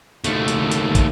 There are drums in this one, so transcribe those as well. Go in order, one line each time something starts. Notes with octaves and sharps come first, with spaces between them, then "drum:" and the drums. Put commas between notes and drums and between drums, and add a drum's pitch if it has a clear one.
D#2 A3, drum: hi-hat
drum: hi-hat
drum: hi-hat
drum: kick, hi-hat